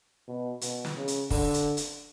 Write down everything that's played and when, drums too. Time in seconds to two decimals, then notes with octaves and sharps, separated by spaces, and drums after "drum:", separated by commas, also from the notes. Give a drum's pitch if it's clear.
0.27 B2
0.61 B2, drum: hi-hat
0.85 drum: snare
0.96 C#3
1.08 drum: hi-hat
1.30 D3, drum: kick, open hi-hat
1.54 drum: hi-hat
1.77 drum: hi-hat